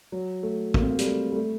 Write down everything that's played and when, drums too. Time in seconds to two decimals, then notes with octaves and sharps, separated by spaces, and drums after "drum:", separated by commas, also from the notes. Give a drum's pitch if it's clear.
0.12 F#3
0.43 A3
0.74 A#3, drum: kick
0.82 C4
0.90 A#3
0.99 G3, drum: hi-hat
1.05 A3
1.31 G3
1.36 A3